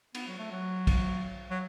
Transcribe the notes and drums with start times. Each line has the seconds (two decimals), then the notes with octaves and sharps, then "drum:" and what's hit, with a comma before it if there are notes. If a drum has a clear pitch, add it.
0.15 B3, drum: cymbal
0.27 F#3
0.39 A3
0.51 F#3
0.87 drum: kick, cymbal
1.50 F#3